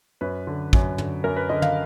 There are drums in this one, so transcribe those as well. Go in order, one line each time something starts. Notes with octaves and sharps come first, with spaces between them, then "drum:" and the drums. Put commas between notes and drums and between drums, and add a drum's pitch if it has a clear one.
F#2 B4
D3
F#2, drum: kick
D3, drum: tom
F#2 A#4
B4
D3 D#5
F5, drum: tom